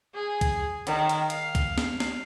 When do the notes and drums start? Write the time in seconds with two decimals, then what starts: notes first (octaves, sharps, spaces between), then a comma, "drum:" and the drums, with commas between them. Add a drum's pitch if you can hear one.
0.15 G#4
0.41 drum: kick, hi-hat
0.87 D#3, drum: hi-hat
1.09 drum: hi-hat
1.30 F5, drum: hi-hat
1.55 drum: kick, hi-hat
1.78 drum: snare
2.00 drum: snare